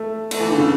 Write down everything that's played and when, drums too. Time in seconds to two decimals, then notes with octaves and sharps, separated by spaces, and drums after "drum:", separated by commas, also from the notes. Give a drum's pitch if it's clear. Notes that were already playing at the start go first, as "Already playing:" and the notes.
Already playing: A3
0.31 A3, drum: cymbal
0.41 E3
0.50 D3
0.58 C#3